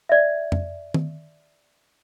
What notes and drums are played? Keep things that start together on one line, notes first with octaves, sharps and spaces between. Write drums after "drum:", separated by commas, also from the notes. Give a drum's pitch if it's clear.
D5 E5
drum: tom F2
drum: tom D#3